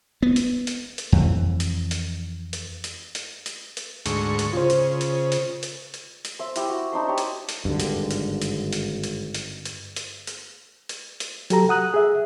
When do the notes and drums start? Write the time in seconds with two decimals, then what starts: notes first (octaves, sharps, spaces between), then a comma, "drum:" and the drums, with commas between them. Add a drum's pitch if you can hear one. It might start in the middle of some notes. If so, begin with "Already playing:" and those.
0.23 B3
0.36 drum: hi-hat
0.67 drum: hi-hat
0.98 drum: hi-hat
1.12 F2 E3
1.60 drum: hi-hat
1.91 drum: hi-hat
2.53 drum: hi-hat
2.84 drum: hi-hat
3.15 drum: hi-hat
3.46 drum: hi-hat
3.77 drum: hi-hat
4.06 D2 G#2 C#6, drum: hi-hat
4.39 drum: hi-hat
4.53 C#3 F4 C5
4.70 drum: hi-hat
5.01 drum: hi-hat
5.32 drum: hi-hat
5.63 drum: hi-hat
5.94 drum: hi-hat
6.25 drum: hi-hat
6.39 C5 E5
6.56 E4 G4, drum: hi-hat
6.70 F#4
6.92 D4 D#4 C5 C6
7.08 G4 C#5
7.18 drum: hi-hat
7.49 drum: hi-hat
7.65 G#1 G2 D3
7.80 drum: hi-hat
8.11 drum: hi-hat
8.42 drum: hi-hat
8.73 drum: hi-hat
9.03 drum: hi-hat
9.34 drum: hi-hat
9.65 drum: hi-hat
9.96 drum: hi-hat
10.27 drum: hi-hat
10.89 drum: hi-hat
11.20 drum: hi-hat
11.50 F#3 G4 A4 A#5, drum: hi-hat
11.69 F#5 D#6 F#6
11.94 G#4 E5